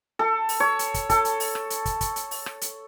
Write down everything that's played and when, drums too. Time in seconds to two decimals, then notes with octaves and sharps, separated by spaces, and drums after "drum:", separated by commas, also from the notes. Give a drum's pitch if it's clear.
0.19 A4
0.49 drum: open hi-hat
0.60 C#5
0.79 drum: hi-hat
0.94 drum: kick, hi-hat
1.10 A4, drum: kick, hi-hat
1.25 drum: hi-hat
1.40 drum: open hi-hat
1.55 drum: rim click
1.70 drum: hi-hat
1.85 drum: kick, hi-hat
2.01 drum: kick, hi-hat
2.16 drum: hi-hat
2.31 drum: open hi-hat
2.46 drum: rim click
2.61 drum: hi-hat